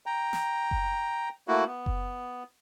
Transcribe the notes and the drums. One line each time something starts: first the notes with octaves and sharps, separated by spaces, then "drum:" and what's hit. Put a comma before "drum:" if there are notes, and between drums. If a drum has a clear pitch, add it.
G5 A#5
drum: snare
drum: kick F#1
A3 A#3 E4 F#4
B3
drum: kick F#1